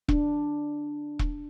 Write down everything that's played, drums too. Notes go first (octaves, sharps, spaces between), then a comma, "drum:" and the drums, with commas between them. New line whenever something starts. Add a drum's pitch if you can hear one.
D4, drum: kick E1
drum: kick E1